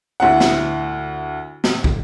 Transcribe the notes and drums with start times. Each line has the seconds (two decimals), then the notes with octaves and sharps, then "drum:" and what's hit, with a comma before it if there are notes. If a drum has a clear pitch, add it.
0.20 D2 E4 F#5
0.40 drum: snare
1.64 drum: snare
1.84 drum: kick